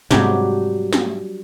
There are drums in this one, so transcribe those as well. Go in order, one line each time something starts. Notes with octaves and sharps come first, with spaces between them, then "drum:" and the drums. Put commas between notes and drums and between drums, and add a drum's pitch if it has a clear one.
G#2 C3 F#3 G3 D4, drum: snare
drum: snare